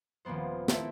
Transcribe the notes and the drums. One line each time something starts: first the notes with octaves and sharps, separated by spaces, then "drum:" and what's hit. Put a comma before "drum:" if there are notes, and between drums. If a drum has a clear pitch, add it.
D#1 F3 A#3 B3 C5
A3 A#3 C4 E4 A4 E5, drum: snare